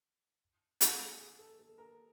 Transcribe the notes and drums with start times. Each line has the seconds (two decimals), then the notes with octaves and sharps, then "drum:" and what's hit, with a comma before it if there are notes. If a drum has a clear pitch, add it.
0.81 A4, drum: hi-hat
1.00 G#4
1.19 G#4
1.39 A4
1.59 A4
1.78 A#4